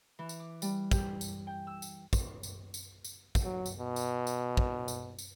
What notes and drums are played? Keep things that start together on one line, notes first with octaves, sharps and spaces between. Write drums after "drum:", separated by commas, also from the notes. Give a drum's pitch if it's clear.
E3
drum: tambourine
D6
G3, drum: tambourine
G4, drum: kick, tambourine
drum: tambourine
G5
E6
drum: tambourine
drum: kick, tambourine
drum: tambourine
drum: tambourine
drum: tambourine
drum: kick, tambourine
F#3
drum: tambourine
B2
drum: tambourine
drum: tambourine
drum: kick
drum: tambourine
drum: tambourine